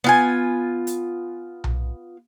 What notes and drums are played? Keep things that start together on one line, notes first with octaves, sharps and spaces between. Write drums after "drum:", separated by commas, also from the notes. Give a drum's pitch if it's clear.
B3 F4 G#5
drum: hi-hat
drum: tom B1